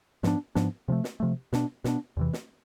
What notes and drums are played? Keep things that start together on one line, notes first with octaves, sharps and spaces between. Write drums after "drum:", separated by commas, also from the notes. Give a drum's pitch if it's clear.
G#2 F3 B3 D4, drum: snare
G#2 F3 B3 D4, drum: snare
C3 F3 A3
drum: snare
C3 F3 A3
B2 B3 D4, drum: snare
B2 B3 D4, drum: snare
E2 C3 E3
drum: snare